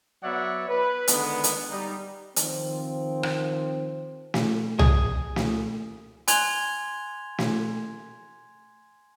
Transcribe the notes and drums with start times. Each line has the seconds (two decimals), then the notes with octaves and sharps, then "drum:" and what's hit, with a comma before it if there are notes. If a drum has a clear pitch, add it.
0.23 F#3 B3 C#5 D5 E5 F#5
0.68 B4
1.08 D3 D#3 G#3 B3, drum: hi-hat
1.44 drum: hi-hat
1.70 G3 D#4
2.36 D#3 F3 C4, drum: hi-hat
3.23 drum: rim click
4.34 drum: snare
4.79 G#4, drum: tom C2
5.36 drum: snare
6.28 G#5 C6 F#6 G#6 F7 G7, drum: hi-hat
7.38 drum: snare